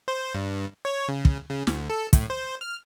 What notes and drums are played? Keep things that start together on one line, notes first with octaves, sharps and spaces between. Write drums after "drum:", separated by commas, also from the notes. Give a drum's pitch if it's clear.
C5
G2
C#5
C#3
drum: kick
C#3
D2, drum: snare
A4
A2, drum: kick, hi-hat
C5
F6